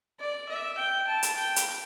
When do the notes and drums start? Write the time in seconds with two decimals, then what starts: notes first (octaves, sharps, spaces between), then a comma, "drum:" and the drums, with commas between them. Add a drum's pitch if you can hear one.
0.20 D5
0.49 E5
0.78 G5
1.07 A5
1.23 drum: hi-hat
1.37 G5
1.56 drum: hi-hat